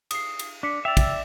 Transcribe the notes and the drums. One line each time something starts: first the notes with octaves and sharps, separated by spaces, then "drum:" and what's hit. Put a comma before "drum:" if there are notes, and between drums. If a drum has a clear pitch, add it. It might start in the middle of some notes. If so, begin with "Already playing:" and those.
D#6 C7, drum: cymbal
drum: cymbal
D4 D6 B6 C#7
D5 E5 G5 E6 F7
drum: kick, cymbal